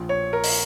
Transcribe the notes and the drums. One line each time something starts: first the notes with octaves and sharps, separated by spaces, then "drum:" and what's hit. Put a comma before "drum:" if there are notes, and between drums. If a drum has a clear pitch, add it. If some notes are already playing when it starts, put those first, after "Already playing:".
Already playing: A#1 A#2 F3
C#5
A#4
drum: open hi-hat